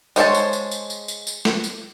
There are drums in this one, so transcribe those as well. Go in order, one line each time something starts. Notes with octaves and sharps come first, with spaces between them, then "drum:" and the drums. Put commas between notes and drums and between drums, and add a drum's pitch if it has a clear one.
G#3 C5 C#5 A5, drum: tambourine
drum: tambourine
drum: tambourine
drum: tambourine
drum: tambourine
drum: tambourine
drum: tambourine
drum: snare
drum: tambourine